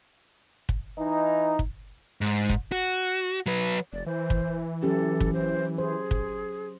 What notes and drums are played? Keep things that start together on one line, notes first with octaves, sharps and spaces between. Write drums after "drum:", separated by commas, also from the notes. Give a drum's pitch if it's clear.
drum: kick
E3 D#4
drum: kick
G#2
drum: kick
F#4
F#3 B4
F1 D5
E3 C5
drum: kick
F#3 C#4 G4 A4
drum: kick
C5
G#4 C5
drum: kick